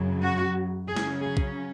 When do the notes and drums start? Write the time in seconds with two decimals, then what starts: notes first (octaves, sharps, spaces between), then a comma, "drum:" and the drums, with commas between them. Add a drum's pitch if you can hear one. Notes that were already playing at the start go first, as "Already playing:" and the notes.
Already playing: F#2 C#3 F#3
0.23 F#4
0.87 C#3 F#3 C#4 G#4
0.97 drum: snare
1.20 G#4
1.37 drum: kick B1